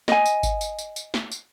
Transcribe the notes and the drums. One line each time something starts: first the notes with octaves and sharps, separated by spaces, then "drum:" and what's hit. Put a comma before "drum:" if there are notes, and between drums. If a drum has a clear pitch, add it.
D#5 G#5, drum: snare
drum: tambourine
drum: kick G#1, tambourine
drum: tambourine
drum: tambourine
drum: tambourine
drum: snare
drum: tambourine